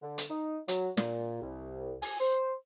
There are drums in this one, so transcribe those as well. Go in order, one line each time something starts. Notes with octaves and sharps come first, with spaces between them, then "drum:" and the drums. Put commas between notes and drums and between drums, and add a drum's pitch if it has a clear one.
D3
drum: hi-hat
D#4
F#3, drum: hi-hat
A#2, drum: snare
C2
G#5, drum: open hi-hat
C5